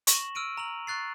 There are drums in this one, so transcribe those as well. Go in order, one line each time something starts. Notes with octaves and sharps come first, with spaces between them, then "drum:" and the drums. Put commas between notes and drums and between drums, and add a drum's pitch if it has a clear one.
C#6 A#6 E7 F#7, drum: hi-hat
E6 F6 D7 D#7
A#5 F7 F#7
C#6 F#6 A6 C7